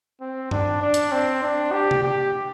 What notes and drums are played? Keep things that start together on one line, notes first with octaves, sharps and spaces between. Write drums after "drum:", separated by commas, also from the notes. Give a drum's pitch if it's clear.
C4
D4, drum: tom G2
D4
drum: hi-hat
C4
D4
G4
drum: tom C3
G4